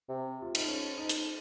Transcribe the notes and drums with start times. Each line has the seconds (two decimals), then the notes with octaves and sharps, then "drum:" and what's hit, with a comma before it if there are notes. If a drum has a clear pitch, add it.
0.09 C3
0.42 F4
0.55 D#4, drum: cymbal
0.68 C#4
0.98 D#4
1.09 drum: hi-hat